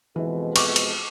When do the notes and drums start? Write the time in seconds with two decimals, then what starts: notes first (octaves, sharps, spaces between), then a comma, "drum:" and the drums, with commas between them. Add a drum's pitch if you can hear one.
0.16 F2 B2 E3 G#3
0.56 C#6 D6, drum: cymbal
0.76 drum: cymbal